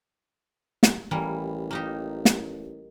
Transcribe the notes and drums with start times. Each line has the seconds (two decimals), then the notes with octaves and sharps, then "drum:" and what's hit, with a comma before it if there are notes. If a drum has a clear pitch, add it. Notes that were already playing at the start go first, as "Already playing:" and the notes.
0.83 drum: snare
1.11 A1 E3 G3 A#3
1.71 A#3 D#4 G4
2.25 drum: snare